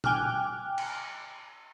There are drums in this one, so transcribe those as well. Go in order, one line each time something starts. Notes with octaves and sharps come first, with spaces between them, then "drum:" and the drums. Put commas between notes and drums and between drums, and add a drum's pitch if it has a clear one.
G5 G#5 D6 F6 F#6, drum: tom A#2
drum: cymbal